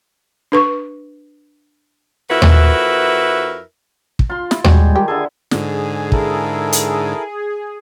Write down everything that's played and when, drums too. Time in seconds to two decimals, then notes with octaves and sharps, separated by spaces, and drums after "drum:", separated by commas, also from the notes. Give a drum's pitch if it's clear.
0.52 D4 B4 C#6
2.30 F2 E4 F#4 A#4 B4 E5
2.42 drum: tom D#2
4.19 drum: kick
4.30 F4 C6
4.51 E4, drum: snare
4.64 G3 G#3 F#4, drum: tom D#2
4.96 D#3 G4
5.08 D3 E4 G#4 A4
5.51 G#2 D3 G#4, drum: snare
6.12 E4 A4 A#4, drum: kick
6.72 drum: hi-hat